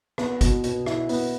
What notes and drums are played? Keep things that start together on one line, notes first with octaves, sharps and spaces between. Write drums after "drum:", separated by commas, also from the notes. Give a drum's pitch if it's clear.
B3, drum: rim click
B2, drum: kick, hi-hat
B2, drum: hi-hat
E4, drum: rim click
B3, drum: open hi-hat